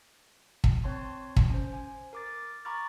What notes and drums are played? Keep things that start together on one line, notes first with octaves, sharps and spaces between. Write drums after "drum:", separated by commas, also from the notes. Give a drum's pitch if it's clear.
drum: kick
C4 C#5 A5 C6
drum: kick
C#4 C5
G#5
A#4 D6 A6
A#5 B5 C#6 D6 F6 A6